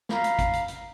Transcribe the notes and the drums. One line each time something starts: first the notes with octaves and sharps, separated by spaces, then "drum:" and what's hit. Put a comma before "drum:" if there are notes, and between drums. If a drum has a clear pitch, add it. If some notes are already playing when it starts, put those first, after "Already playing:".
F5 A#5 B5, drum: snare
drum: hi-hat
drum: kick, hi-hat
drum: hi-hat
drum: hi-hat